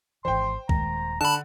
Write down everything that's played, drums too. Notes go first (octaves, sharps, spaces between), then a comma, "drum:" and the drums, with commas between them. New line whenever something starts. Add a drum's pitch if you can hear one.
G#1 C#2 E3 C5 G5 C6
D#1 D#3 G#3 A#5, drum: kick B1
D3 F#5 A5 B5